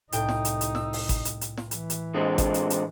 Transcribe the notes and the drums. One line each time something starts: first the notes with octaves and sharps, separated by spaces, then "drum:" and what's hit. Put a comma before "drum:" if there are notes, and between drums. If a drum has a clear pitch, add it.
C2 A2 D#4 G5, drum: hi-hat
drum: snare
drum: hi-hat
drum: hi-hat
E6, drum: snare
drum: open hi-hat
drum: kick G#1, hi-hat
drum: hi-hat
drum: hi-hat
drum: snare
E3, drum: hi-hat
drum: hi-hat
D3 G#3 C4
drum: kick G#1, hi-hat
drum: hi-hat
drum: hi-hat